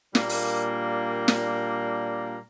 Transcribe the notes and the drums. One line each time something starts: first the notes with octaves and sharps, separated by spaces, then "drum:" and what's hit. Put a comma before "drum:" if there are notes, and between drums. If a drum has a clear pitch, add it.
A#2 G3 A#3 D4, drum: snare
drum: open hi-hat
drum: snare